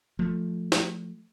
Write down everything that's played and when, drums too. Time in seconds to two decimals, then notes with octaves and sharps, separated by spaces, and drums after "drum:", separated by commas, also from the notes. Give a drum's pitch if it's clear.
0.19 F3 A3
0.72 drum: snare